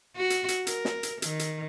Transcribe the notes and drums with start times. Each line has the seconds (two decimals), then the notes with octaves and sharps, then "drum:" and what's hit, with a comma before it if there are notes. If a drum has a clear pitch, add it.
0.16 F#4
0.30 drum: hi-hat
0.48 drum: hi-hat
0.67 A#4, drum: hi-hat
0.85 drum: snare
1.03 drum: hi-hat
1.22 D#3, drum: hi-hat
1.39 drum: hi-hat